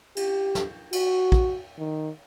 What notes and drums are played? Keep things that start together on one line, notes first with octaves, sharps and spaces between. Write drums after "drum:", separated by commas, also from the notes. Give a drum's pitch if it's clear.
G4, drum: cymbal
drum: snare
F#4, drum: cymbal
drum: kick
D#3